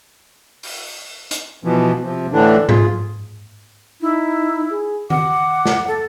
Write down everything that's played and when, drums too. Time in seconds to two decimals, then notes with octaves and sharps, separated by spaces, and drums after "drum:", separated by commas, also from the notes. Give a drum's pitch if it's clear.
0.63 drum: open hi-hat
1.31 drum: hi-hat
1.64 B2 E3 F3
2.03 C3 F3
2.32 A2 D3 E3 D4
2.69 F4 G#4, drum: tom G#2
4.01 D#4 E4
4.70 G#4
5.10 F#5 D6, drum: tom D#3
5.66 drum: snare
5.88 A4